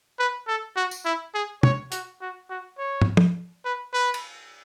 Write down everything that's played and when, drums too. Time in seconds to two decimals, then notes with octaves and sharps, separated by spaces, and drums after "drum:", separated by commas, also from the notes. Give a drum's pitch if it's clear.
0.19 B4
0.48 A4
0.76 F#4
0.91 drum: tambourine
1.05 E4
1.34 G#4
1.63 C#5, drum: tom
1.92 F#4, drum: hi-hat
2.21 F#4
2.50 F#4
2.78 C#5
3.01 drum: tom
3.17 drum: tom
3.65 B4
3.93 B4
4.14 drum: cymbal